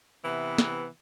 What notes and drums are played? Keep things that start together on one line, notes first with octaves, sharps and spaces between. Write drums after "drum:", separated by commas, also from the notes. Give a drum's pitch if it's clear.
C3 E3 B3
drum: snare